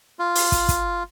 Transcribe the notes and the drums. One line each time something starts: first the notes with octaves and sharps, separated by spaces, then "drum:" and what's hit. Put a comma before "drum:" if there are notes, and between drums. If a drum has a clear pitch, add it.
F4
drum: open hi-hat
drum: kick, hi-hat
drum: kick, hi-hat